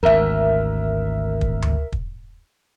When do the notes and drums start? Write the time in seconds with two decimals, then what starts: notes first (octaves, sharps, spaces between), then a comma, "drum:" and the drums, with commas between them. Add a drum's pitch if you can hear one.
0.03 G#1 D2 A#4 E5
1.41 drum: kick
1.62 drum: tom D2
1.92 drum: kick